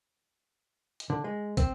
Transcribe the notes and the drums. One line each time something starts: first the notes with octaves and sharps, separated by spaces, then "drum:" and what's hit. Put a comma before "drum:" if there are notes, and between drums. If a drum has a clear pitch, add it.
drum: hi-hat
D3
G#3
C4, drum: kick, hi-hat